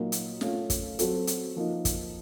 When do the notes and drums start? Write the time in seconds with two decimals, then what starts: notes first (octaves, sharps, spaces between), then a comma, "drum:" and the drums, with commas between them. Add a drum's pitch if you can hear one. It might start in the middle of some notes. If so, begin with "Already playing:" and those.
Already playing: A#2 F#3 A#3 D#4
0.12 drum: hi-hat
0.41 A3 C#4 F4, drum: snare
0.70 drum: kick, hi-hat
0.99 F#3 C4 F#4 A4, drum: hi-hat
1.27 drum: hi-hat
1.56 F3 A#3 D#4
1.85 drum: kick, hi-hat